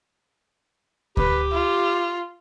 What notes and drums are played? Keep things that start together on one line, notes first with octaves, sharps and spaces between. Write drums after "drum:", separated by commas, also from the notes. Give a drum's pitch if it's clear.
G4 B4, drum: kick D2
F4